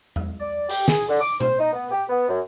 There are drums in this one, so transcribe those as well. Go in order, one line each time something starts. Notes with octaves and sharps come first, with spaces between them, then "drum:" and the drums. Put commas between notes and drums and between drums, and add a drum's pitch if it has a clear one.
drum: tom E2
D5
G4, drum: open hi-hat
G#4, drum: snare
D3
D6
C5, drum: tom B2
D#4
B3
G4
B3
F#2